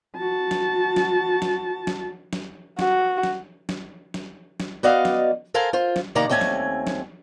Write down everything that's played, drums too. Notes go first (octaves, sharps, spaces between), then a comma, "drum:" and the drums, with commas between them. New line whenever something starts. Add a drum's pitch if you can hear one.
F#4 A5
drum: snare
drum: snare
drum: snare
drum: snare
drum: snare
F#4, drum: snare
drum: snare
drum: snare
drum: snare
drum: snare
B3 F#4 D5 D#5 F5
drum: snare
A4 A#4 C5 F5 G#5
F4 C5
drum: snare
C3 D#3 A#3 D5 A#5
D#2 A3 C4 C#4 G#5
drum: snare
drum: snare